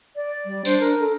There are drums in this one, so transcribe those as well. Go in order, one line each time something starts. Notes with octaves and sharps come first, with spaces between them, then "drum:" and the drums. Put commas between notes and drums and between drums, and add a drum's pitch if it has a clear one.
D5
G3
D4 C5, drum: tambourine
A#4
A4